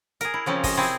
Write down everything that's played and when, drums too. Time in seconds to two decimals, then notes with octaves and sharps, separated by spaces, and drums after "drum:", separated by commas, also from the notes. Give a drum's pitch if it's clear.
0.21 G#4 A#4, drum: hi-hat
0.34 E4
0.46 C#3 F3 C4 C#4
0.64 D#5, drum: kick, open hi-hat
0.77 C3 C4 E4 G#4